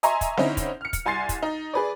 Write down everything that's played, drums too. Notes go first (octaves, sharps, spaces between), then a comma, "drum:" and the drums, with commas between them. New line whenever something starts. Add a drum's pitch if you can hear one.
D#5 E5 G#5 A#5 C6 C#6, drum: hi-hat
drum: kick, hi-hat
D3 C4 C#4 D#4 E4, drum: snare C4
drum: kick, hi-hat
F6 C#7
drum: kick, hi-hat
C2 G#5 C6 A6 C7
drum: kick, hi-hat
D#4
G#4 B4 D5